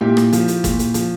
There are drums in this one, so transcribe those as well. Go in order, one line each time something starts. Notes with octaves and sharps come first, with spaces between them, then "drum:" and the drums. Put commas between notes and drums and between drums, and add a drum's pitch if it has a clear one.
A#2 E4 G4
drum: rim click
F3, drum: hi-hat
drum: hi-hat
A#2, drum: kick, hi-hat
drum: hi-hat
F3, drum: hi-hat